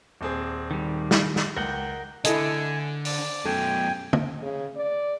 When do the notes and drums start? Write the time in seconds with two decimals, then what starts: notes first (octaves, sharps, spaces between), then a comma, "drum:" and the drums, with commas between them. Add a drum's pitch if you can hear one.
0.21 D#1 C4 G#4
0.71 D#3 G3
1.11 drum: snare
1.36 drum: snare
1.56 C#2 A#4 F#5 G5
2.24 D3 E4 A4 D#5 G#5, drum: hi-hat
3.05 D5, drum: open hi-hat
3.45 F#2 B2 A4 G5 G#5
4.13 drum: tom
4.42 C#3
4.76 D5